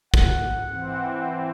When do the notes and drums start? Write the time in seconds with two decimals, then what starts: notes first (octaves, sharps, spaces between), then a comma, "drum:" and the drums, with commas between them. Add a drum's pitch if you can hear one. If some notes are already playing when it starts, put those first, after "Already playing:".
0.14 F#5, drum: kick
0.69 E3 C4